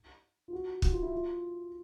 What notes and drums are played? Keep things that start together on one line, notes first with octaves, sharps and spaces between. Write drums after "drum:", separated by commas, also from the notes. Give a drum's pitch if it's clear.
F4
F#4
F#4, drum: kick
F4
E4
F4